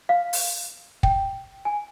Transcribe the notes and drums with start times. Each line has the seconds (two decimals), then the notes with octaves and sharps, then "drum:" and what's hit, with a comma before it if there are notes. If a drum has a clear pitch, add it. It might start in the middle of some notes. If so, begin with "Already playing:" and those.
0.09 F5
0.33 drum: open hi-hat
1.03 G5, drum: kick
1.65 G#5